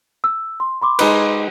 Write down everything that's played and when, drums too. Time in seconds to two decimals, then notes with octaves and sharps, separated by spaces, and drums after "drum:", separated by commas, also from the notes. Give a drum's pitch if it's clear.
0.24 E6
0.60 C6
0.82 B5 C6 D6
0.99 G#3 D#4 B4, drum: cymbal